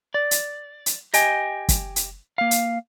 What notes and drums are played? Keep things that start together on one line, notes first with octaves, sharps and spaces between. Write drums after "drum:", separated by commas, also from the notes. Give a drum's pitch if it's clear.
D5
drum: hi-hat
drum: hi-hat
G4 D#5 G5 G#5, drum: hi-hat
drum: kick, hi-hat
drum: hi-hat
A#3 F5
drum: hi-hat